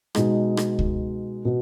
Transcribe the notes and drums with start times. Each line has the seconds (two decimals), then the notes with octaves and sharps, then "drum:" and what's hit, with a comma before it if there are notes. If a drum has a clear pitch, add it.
0.15 B2 G#3 D#4, drum: rim click
0.57 drum: rim click
0.79 drum: kick C#2
1.45 B2